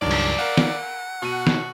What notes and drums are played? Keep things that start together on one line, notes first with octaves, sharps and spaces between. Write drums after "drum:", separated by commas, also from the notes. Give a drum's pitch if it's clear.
C#2 G2 D#3 F#3 D4 D5
drum: cymbal
A#4 F5 F#5
drum: snare
B2 F#4 D#7
drum: snare